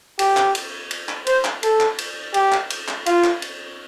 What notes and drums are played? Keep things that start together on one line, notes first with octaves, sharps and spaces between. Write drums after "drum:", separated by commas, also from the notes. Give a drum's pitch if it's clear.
G4, drum: cymbal
drum: clap
drum: cymbal
drum: cymbal
drum: clap
C5, drum: cymbal
drum: clap
A4, drum: cymbal
drum: clap
drum: cymbal
G4, drum: cymbal
drum: clap
drum: cymbal
drum: clap
F4, drum: cymbal
drum: clap
drum: cymbal